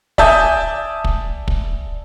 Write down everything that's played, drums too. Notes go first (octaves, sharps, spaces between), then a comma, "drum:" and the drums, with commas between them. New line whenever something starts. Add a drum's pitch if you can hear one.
D5 E5 G#5 A5 D#6 G6, drum: kick
drum: kick
drum: kick